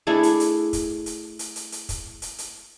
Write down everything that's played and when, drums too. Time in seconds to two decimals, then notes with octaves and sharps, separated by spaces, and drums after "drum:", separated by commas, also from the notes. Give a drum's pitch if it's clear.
0.07 A3 D4 E4 G#4
0.23 drum: hi-hat
0.40 drum: hi-hat
0.73 drum: kick, hi-hat
1.06 drum: hi-hat
1.39 drum: hi-hat
1.56 drum: hi-hat
1.72 drum: hi-hat
1.89 drum: kick, hi-hat
2.22 drum: hi-hat
2.38 drum: hi-hat